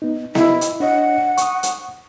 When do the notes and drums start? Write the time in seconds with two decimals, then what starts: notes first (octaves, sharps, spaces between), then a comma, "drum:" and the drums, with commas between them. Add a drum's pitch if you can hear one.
0.02 B3 D#4
0.35 E4 D#5 E5, drum: snare B3
0.61 drum: hi-hat
0.80 D4 C#5 D#5 F#5
1.37 C#6 D#6, drum: hi-hat
1.63 drum: hi-hat